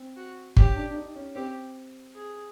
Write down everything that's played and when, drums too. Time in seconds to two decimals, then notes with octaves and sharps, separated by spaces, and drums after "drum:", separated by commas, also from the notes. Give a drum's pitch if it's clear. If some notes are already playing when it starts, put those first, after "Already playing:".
Already playing: C4
0.16 F#4
0.57 C#4 G4, drum: kick G1
0.76 D4
0.90 D4
0.96 D#4
1.16 C#4
1.35 C4 G4
2.15 G#4